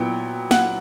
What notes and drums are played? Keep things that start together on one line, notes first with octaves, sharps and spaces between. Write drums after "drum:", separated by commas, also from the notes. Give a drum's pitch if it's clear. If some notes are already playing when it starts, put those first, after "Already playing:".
Already playing: A#2 F#3 B3 E4 G5
F#5, drum: snare